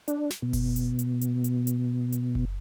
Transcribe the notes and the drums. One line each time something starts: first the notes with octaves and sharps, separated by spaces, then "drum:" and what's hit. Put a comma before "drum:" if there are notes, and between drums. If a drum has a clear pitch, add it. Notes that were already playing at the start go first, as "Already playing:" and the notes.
D4, drum: hi-hat
drum: snare
B2
drum: kick F#1, open hi-hat
drum: hi-hat
drum: hi-hat
drum: hi-hat
drum: hi-hat
drum: hi-hat
drum: hi-hat
drum: kick F#1